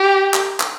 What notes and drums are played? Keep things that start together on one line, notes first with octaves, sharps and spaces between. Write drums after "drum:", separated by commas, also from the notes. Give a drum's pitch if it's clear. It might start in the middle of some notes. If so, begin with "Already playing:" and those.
Already playing: G4
drum: clap
drum: clap